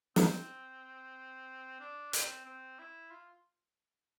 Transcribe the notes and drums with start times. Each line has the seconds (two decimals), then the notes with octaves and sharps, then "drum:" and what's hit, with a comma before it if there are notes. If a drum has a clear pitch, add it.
0.16 C4, drum: snare
1.80 D4
2.13 C4, drum: hi-hat
2.45 C4
2.79 E4
3.11 F4